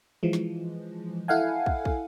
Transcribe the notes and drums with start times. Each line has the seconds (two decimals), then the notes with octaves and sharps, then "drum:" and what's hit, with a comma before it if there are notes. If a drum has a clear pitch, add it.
0.23 E3 F3 G#3
0.33 drum: snare
1.28 E4 A4 F5 F#5 G#5
1.66 drum: kick
1.85 drum: kick